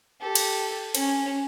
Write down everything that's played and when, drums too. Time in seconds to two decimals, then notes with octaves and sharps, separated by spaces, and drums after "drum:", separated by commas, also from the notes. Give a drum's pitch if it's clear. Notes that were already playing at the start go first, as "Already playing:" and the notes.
0.21 G4 A4
0.35 drum: cymbal
0.95 C#4, drum: cymbal